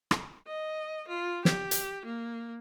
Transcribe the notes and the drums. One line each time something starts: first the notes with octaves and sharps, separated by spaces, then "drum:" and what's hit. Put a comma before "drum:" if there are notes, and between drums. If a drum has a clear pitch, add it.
drum: rim click
D#5
F4
G4, drum: snare
drum: hi-hat
A#3